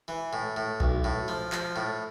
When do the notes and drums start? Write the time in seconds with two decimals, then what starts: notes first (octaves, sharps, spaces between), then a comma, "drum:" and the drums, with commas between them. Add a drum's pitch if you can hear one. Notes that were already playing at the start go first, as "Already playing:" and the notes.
0.08 E3
0.33 A2
0.57 A2
0.80 B1, drum: kick B1
1.04 A2
1.28 F3
1.52 F3, drum: clap
1.76 A2